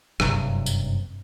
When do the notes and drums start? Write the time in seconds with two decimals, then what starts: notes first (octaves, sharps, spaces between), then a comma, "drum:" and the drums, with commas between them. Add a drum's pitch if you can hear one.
0.20 F#1 G2 C3 F#3, drum: rim click
0.66 drum: tambourine